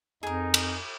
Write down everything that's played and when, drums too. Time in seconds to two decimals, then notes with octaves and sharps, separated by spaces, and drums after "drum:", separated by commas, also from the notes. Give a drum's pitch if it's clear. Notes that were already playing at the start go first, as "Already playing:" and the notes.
0.23 F2 D#4 G#4 A#4
0.54 drum: cymbal